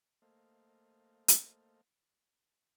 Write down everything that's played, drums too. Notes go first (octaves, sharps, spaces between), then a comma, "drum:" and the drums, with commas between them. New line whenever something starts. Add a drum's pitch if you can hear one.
A3 A#3 A4 C5 D#5 F5
drum: hi-hat